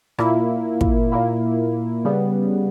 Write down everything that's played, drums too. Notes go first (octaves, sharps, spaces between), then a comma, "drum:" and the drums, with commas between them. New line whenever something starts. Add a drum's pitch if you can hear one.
A#2 A#3 E4, drum: rim click
drum: kick
A#2 A#3 E4
C#3 G3 B3